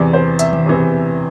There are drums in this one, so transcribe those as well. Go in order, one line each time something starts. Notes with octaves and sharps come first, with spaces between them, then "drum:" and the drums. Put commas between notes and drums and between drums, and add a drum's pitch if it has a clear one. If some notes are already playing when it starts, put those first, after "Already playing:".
Already playing: E2 C3 E3 D5
C5
E5, drum: hi-hat
drum: tom D#3
E2 C3 E3